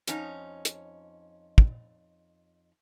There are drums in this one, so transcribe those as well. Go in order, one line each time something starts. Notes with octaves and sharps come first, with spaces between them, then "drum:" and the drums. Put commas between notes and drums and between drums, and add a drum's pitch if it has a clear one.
F2 C#4 D#4, drum: hi-hat
drum: hi-hat
drum: kick